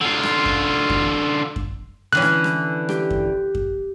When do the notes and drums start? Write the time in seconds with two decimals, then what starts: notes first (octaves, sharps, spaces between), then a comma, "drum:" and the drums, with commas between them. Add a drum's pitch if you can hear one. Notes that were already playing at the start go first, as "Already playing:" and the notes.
0.01 D3 F4
0.23 drum: rim click
0.46 drum: kick F#2
0.90 drum: kick F#2
1.56 drum: kick F#2
2.13 D3 E3 C#4 F#6
2.22 drum: rim click
2.44 drum: rim click
2.89 G4, drum: rim click
3.10 drum: kick F#2
3.55 drum: kick F#2